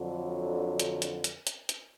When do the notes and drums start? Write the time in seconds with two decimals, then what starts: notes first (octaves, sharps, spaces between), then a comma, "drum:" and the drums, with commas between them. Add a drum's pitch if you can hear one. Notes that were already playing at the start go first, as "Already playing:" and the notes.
Already playing: F2 D3 F#3
0.80 drum: hi-hat
1.02 drum: hi-hat
1.24 drum: hi-hat
1.47 drum: hi-hat
1.69 drum: hi-hat